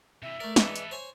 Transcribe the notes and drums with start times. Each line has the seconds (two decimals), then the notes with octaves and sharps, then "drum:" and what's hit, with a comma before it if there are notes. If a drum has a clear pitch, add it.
0.23 C3 E3 E5
0.41 A3 A#4 D5
0.56 E3 G#3 D4 A4 B4, drum: snare
0.76 drum: hi-hat
0.91 C5 C#5 G#5